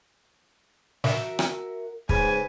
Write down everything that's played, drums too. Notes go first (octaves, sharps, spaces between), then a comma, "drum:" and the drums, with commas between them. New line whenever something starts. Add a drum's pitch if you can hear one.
F#4 A#4 E5, drum: snare
drum: rim click
G#2 C#3 B4 G#5, drum: kick